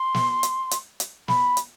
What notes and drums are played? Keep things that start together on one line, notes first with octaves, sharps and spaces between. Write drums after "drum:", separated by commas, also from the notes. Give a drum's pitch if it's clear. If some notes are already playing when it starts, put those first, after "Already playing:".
Already playing: C6
drum: snare
drum: hi-hat
drum: hi-hat
drum: hi-hat
B5, drum: snare
drum: hi-hat